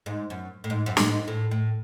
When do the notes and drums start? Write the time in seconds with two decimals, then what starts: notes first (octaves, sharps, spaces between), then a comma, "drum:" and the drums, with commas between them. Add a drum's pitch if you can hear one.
0.06 G#2
0.30 F#2
0.64 A2
0.70 G#2
0.86 F#2
0.97 A2, drum: snare
1.03 G#2
1.28 A2
1.51 A2